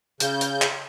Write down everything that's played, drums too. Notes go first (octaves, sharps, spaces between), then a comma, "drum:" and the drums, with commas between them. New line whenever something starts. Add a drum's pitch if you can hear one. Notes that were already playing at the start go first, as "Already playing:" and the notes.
C#3 G6, drum: hi-hat
drum: hi-hat
drum: clap